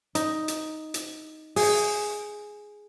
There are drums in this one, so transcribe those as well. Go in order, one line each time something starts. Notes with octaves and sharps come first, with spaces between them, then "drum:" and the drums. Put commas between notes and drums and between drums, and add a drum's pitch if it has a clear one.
D#4, drum: hi-hat
drum: hi-hat
drum: hi-hat
G#4, drum: open hi-hat